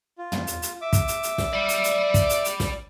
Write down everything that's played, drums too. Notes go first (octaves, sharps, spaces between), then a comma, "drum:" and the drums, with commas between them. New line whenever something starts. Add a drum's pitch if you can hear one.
F4
drum: tom
drum: hi-hat
drum: hi-hat
E5 D6
drum: kick, hi-hat
drum: hi-hat
drum: hi-hat
drum: snare
D5 B5
drum: hi-hat
drum: hi-hat
drum: kick, hi-hat
drum: hi-hat
drum: hi-hat
drum: snare